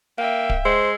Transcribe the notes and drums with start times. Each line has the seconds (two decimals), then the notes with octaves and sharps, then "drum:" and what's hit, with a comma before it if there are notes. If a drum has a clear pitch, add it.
0.18 A#3 E5 F5 G5
0.50 drum: kick D1
0.65 G#3 C5 E6